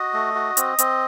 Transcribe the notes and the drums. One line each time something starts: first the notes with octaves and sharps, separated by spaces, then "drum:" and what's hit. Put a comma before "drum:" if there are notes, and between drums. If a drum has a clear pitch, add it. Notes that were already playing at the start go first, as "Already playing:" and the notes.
Already playing: F#4 D#5
A3
F#4
C4, drum: hi-hat
C4, drum: hi-hat